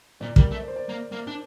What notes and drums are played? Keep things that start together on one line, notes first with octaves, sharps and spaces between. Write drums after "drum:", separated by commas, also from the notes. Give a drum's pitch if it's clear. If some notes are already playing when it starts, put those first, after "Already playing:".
A#2 D5
G3 A#4, drum: kick
A3
D5
C5
D5
A#3
A#3
D4